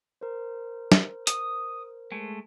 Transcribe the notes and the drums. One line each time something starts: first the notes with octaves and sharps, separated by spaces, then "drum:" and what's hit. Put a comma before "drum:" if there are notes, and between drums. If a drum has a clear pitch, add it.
A#4 C5
drum: snare
D#6, drum: hi-hat
G#3 A3